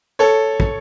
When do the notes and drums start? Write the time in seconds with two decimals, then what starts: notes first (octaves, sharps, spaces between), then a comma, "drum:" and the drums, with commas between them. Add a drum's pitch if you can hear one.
0.19 A4 C#5
0.60 drum: kick